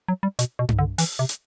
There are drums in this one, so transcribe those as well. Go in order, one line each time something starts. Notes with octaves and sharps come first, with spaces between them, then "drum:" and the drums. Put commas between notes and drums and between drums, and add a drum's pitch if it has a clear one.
F#3
G3
B2, drum: hi-hat
B2
drum: tom G2
D3
E3, drum: open hi-hat
C3
drum: hi-hat